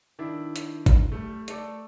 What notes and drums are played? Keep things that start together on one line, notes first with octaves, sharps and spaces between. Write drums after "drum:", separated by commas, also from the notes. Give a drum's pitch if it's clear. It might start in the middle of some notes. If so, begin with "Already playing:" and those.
D#3 D4 E4
drum: hi-hat
drum: kick, hi-hat
G3 A3
A3 A4 D5, drum: hi-hat